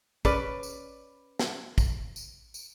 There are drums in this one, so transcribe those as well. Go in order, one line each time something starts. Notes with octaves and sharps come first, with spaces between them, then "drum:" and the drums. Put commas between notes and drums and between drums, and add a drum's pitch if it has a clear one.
C#4 B4 D5, drum: kick, tambourine
drum: tambourine
drum: snare
drum: kick, tambourine
drum: tambourine
drum: tambourine